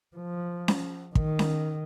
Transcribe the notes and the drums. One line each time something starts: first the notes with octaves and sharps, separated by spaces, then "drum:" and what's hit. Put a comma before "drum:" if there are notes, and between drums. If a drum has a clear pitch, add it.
F3
drum: snare C#4
D#3, drum: kick
drum: snare C#4